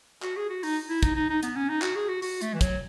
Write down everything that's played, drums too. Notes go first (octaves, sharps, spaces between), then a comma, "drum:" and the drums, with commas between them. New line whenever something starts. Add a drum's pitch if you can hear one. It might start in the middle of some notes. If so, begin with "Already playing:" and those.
F#4, drum: clap
G#4
F#4
D#4, drum: open hi-hat
E4
D#4, drum: kick, hi-hat
D#4
D#4
B3, drum: hi-hat
C#4
D#4
F#4, drum: clap
G#4
F#4
F#4, drum: open hi-hat
A3, drum: hi-hat
E3
F#3, drum: kick, hi-hat